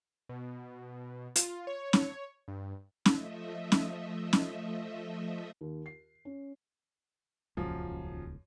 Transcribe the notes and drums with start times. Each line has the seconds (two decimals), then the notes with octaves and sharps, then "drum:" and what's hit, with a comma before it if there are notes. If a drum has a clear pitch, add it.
0.29 B2
1.36 F4, drum: hi-hat
1.67 C#5
1.93 drum: snare C#4
2.48 G2
3.06 F3 A3 D#5 E5, drum: snare C#4
3.72 drum: snare C#4
4.33 drum: snare C#4
5.61 D#2
5.86 C7
6.25 C#4
7.57 D#1 C#2 F#2 F3